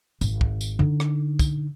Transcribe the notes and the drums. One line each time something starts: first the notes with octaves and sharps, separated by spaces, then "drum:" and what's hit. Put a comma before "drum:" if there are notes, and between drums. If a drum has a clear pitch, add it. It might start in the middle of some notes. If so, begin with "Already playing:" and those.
G#1, drum: tambourine
drum: kick
drum: tambourine
D3 D#4
drum: rim click
drum: kick, tambourine